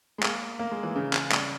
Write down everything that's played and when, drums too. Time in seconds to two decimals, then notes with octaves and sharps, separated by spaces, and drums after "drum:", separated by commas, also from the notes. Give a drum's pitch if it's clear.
0.18 G#3
0.23 A#3, drum: clap
0.59 A#3
0.71 G#3
0.83 E3
0.95 C#3
1.13 drum: clap
1.32 G3, drum: clap